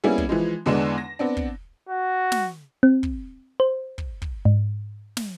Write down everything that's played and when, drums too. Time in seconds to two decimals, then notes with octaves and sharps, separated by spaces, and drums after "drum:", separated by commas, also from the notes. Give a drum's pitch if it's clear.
0.04 G3 A#3 B3 C#4 E4 G#4
0.18 drum: kick
0.29 E3 F3 G#3
0.66 E2 D3 G#3 B3 D4 E7
0.98 A#6
1.19 B3 C4 D4
1.37 drum: kick
1.89 F#4
2.32 drum: snare
2.83 C4
3.03 drum: kick
3.60 C5
3.98 drum: kick
4.22 drum: kick
4.45 G#2
5.17 drum: snare